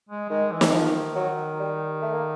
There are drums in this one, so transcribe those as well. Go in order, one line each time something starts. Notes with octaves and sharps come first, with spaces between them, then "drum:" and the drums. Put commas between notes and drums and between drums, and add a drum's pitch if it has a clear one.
G#3
D#3 G#3
E3
drum: snare
D#3 F3
F#3
G3
A3
A#3